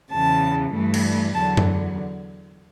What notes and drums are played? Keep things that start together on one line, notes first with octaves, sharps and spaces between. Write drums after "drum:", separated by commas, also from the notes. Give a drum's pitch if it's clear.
E2 C#3 E3 A5
G2 E3 A3
drum: cymbal
E2 D3 F#3 A5
drum: tom F#2